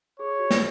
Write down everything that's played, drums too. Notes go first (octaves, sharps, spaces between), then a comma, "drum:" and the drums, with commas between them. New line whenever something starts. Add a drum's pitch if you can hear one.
G#4 C#5
F#4
drum: snare